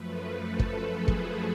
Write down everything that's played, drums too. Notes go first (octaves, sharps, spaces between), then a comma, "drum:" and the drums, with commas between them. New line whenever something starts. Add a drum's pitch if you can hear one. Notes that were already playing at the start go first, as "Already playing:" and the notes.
Already playing: F#2 F3 A3 B4
A4
drum: kick
G#4
drum: kick